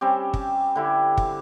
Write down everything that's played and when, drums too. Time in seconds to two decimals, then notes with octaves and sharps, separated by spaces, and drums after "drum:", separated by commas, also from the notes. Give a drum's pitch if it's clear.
0.01 G3 C4 C#4 G4
0.34 drum: kick
0.76 D3 E4 G4
1.18 drum: kick